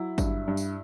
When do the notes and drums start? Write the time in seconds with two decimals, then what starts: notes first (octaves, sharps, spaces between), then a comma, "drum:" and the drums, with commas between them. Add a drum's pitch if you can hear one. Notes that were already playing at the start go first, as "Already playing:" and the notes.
Already playing: F#3 E4
0.18 G2, drum: kick G#1, tambourine
0.48 G2
0.57 drum: tambourine